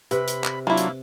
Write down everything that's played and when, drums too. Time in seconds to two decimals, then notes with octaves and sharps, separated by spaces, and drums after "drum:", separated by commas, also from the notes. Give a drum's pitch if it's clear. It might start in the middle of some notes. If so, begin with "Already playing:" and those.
0.11 C3 B4 B5, drum: hi-hat
0.28 drum: hi-hat
0.44 drum: clap
0.67 F#3 A#3 D4 E4 F4
0.77 drum: hi-hat